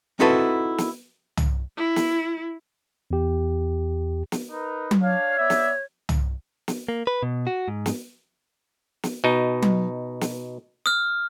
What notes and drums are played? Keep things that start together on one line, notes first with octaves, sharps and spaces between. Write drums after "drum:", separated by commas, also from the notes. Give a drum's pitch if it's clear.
C4 D#4 E4 F#4 A4 B4
drum: snare
drum: tom
E4
drum: snare
E2 G4
drum: snare
D#4 A#4 B4
drum: tom F#3
D4 C#5 F5
B3 D5 E5
drum: snare
drum: tom
drum: snare
A#3
B4
B2
F#4
G#2
drum: snare
drum: snare
B2 D#4
drum: tom F#3
drum: snare
D#6 F6